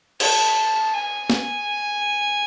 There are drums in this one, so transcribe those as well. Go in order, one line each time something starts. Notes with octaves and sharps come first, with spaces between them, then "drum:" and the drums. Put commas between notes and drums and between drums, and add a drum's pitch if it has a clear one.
A5, drum: cymbal
G#5
drum: snare